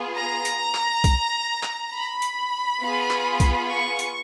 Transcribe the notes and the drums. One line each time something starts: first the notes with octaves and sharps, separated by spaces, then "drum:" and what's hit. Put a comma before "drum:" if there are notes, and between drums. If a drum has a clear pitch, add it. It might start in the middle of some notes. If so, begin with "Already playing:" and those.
Already playing: B3 F4 G#4
A#5
drum: hi-hat
drum: clap
drum: kick B1, hi-hat
drum: clap
B5
drum: hi-hat
B3 F4 G#4
drum: clap
drum: kick B1, hi-hat
C#6
drum: hi-hat